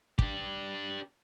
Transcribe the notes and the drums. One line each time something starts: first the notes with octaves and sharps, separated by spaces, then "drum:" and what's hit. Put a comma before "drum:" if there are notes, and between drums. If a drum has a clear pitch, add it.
D4 G4, drum: kick